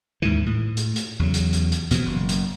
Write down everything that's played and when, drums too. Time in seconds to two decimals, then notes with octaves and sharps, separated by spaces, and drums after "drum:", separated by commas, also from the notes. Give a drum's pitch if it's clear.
0.22 D#2 G#2 D#3 E3
0.46 A2
0.77 drum: hi-hat
0.96 drum: hi-hat
1.19 E2 C#3 F#3
1.34 drum: hi-hat
1.53 drum: hi-hat
1.72 drum: hi-hat
1.91 B2 E3 F3, drum: hi-hat
2.05 F#1
2.29 drum: hi-hat